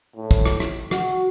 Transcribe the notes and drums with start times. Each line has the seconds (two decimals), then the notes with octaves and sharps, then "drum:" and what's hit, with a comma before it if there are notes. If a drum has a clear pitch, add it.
0.16 A2
0.31 drum: kick
0.46 drum: rim click
0.60 drum: rim click
0.91 F#4, drum: rim click